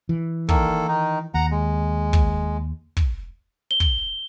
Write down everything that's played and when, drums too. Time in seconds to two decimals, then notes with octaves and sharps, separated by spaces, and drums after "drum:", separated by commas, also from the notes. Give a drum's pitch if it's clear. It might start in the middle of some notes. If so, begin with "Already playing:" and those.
0.09 E3
0.49 D#3 A#3 A4, drum: kick
0.88 D#3 D#4
1.34 D#2 F#5 A#5
1.51 G#3
2.13 drum: kick
2.97 drum: kick
3.71 G7
3.80 drum: kick